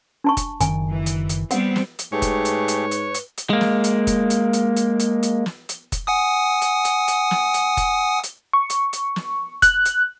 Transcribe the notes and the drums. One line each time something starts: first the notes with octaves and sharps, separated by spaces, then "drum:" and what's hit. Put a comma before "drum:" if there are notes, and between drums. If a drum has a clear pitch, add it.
D4 A5 C#6
drum: kick F1, hi-hat
F#1 D#3 G#5, drum: hi-hat
E3
drum: hi-hat
drum: hi-hat
G3 B3 C4 F#5, drum: hi-hat
drum: snare
drum: hi-hat
G#2 A3 G4 G#4 B4 C#5
drum: kick F1, hi-hat
drum: hi-hat
drum: hi-hat
drum: hi-hat
drum: hi-hat
drum: hi-hat
G#3 A#3
drum: snare
drum: hi-hat
drum: kick F1, hi-hat
drum: hi-hat
drum: hi-hat
drum: hi-hat
drum: hi-hat
drum: hi-hat
drum: snare
drum: hi-hat
drum: kick F1, hi-hat
F#5 G#5 D#6
drum: hi-hat
drum: hi-hat
drum: hi-hat
drum: snare
drum: hi-hat
drum: kick F1, hi-hat
drum: hi-hat
C#6
drum: hi-hat
drum: hi-hat
drum: snare
F#6, drum: kick F1, hi-hat
drum: hi-hat